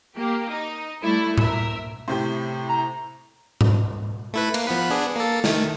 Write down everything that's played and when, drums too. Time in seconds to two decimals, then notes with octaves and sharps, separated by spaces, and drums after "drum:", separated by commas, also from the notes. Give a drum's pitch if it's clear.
0.16 A#3 G4
0.49 D#4
1.02 G3 A3 E4
1.38 A#4 E5, drum: tom A2
2.08 A2 C3 G4
2.69 A#5
3.61 drum: tom G#2
4.34 A3 E4 B4
4.54 A#3, drum: cymbal
4.67 F3 B3 B4
4.90 B3 D4 G#4
5.16 A#3 A4
5.44 D#3 A3, drum: snare